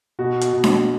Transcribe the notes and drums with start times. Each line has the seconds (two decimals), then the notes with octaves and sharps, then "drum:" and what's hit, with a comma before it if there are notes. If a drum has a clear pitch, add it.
0.19 B2 F#4
0.41 drum: hi-hat
0.53 B2
0.64 drum: snare D4